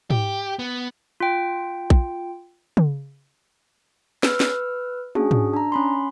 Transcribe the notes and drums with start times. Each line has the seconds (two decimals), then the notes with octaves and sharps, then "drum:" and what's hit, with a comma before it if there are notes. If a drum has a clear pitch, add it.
0.10 G4, drum: tom G#2
0.59 B3
1.20 F4 G5
1.90 drum: kick A#1
2.77 drum: tom C#3
4.23 B4 E6 F6, drum: snare
4.40 drum: snare
5.15 C#4 D4 F#4 G#4, drum: tom
5.31 drum: tom G#2
5.53 D4 A#5
5.72 C#4 B5 C6